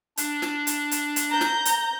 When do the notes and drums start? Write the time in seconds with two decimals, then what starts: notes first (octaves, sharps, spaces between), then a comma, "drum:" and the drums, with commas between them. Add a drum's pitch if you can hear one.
0.17 D4, drum: hi-hat
0.42 drum: snare
0.67 drum: hi-hat
0.91 drum: hi-hat
1.16 drum: hi-hat
1.29 A#5 G6
1.41 drum: snare
1.65 drum: hi-hat